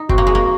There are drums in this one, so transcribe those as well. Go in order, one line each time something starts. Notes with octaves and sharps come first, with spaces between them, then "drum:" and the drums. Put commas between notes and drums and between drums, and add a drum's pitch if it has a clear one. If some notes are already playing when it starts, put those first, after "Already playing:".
Already playing: D#4
C4 F#4, drum: kick F#1
A#3
G#3
A#3